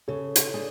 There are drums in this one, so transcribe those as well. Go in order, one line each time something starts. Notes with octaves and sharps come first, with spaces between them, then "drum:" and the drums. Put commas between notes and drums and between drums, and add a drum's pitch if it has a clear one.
C#3 A4 C#5
drum: hi-hat
D4 G#4